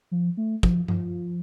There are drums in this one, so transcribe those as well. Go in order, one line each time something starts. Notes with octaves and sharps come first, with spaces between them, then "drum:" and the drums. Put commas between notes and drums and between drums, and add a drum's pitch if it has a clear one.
F3
A3
F3, drum: kick
F3, drum: tom G2